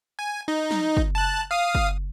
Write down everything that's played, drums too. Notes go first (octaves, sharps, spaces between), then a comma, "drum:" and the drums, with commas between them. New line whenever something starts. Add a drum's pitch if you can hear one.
G#5
D#4
drum: snare
drum: kick
A5 F#6
F5 D#6
drum: kick